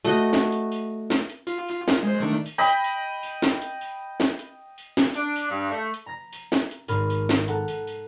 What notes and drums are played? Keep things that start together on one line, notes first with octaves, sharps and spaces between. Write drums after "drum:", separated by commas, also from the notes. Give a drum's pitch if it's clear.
A3 F#4 D#5
drum: snare
drum: hi-hat
drum: open hi-hat
drum: snare
drum: hi-hat
F4, drum: open hi-hat
drum: open hi-hat
F4 A#4, drum: snare
G#3 C5
D#3 A3 D4
drum: open hi-hat
D#5 G5 B5
drum: hi-hat
drum: open hi-hat
drum: snare
drum: hi-hat
drum: open hi-hat
drum: snare
drum: hi-hat
drum: open hi-hat
drum: snare
D4, drum: hi-hat
drum: open hi-hat
G2
A3
drum: hi-hat
A#5 A#6 B6
drum: open hi-hat
drum: snare
drum: hi-hat
G#1 A#4 B5 C6 F6 A6, drum: open hi-hat
drum: open hi-hat
drum: snare
A4 F#5 A#5, drum: hi-hat
drum: open hi-hat
drum: open hi-hat